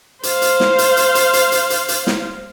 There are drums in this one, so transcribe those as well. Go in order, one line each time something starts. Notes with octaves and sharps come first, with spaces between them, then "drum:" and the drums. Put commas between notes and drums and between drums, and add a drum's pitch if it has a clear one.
C5 F5, drum: hi-hat
drum: hi-hat
drum: snare
drum: hi-hat
drum: hi-hat
drum: hi-hat
drum: hi-hat
drum: hi-hat
drum: hi-hat
drum: hi-hat
drum: snare